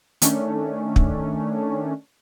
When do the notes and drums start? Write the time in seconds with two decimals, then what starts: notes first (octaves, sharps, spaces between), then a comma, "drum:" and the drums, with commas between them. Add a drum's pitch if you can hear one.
0.22 D#3 A3 C#4 D4, drum: hi-hat
0.96 drum: kick